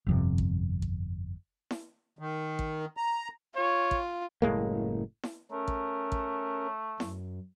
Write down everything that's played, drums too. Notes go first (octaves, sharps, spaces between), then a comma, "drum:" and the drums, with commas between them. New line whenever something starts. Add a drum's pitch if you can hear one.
G1 F2 C3
drum: kick
drum: kick
drum: snare E4
D#3
drum: kick
A#5
F4 C#5
drum: kick
F#1 A2 G#3 A#3
drum: snare E4
A3 C#4 A#4
drum: kick
drum: kick
F#2, drum: snare E4